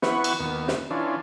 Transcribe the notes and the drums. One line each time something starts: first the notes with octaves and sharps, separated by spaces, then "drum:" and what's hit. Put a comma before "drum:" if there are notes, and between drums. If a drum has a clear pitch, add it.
E3 B3 B4 F#5 C#6, drum: snare
drum: cymbal
D#2 B3
drum: snare
E3 C#4 D4 F4